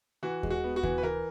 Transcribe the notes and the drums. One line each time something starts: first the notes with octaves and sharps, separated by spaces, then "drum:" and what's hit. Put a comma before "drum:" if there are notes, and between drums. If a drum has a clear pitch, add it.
E3 F#4
G#3, drum: kick D#2
F#4
B3
F#4
E3, drum: kick D#2
B4
E3 A#4